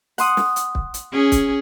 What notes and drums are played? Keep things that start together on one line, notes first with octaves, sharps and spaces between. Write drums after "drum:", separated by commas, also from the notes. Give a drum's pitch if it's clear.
F#5 C6 D#6, drum: open hi-hat
drum: snare
drum: hi-hat
drum: kick
drum: hi-hat
C#4 G#4
drum: kick, hi-hat